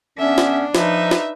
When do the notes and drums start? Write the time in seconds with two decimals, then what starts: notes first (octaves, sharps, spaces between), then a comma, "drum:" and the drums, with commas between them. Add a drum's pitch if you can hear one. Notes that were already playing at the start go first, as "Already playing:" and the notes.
0.19 D3 B3 C#4 D4 E5
0.38 drum: snare
0.75 F3 D#4 B4 E5, drum: snare
1.11 drum: snare